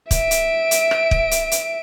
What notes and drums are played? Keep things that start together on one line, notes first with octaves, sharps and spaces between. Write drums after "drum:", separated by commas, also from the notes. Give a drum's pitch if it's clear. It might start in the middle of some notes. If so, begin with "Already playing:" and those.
E5 D7, drum: kick, hi-hat
drum: hi-hat
drum: hi-hat
drum: rim click
drum: kick
drum: hi-hat
drum: hi-hat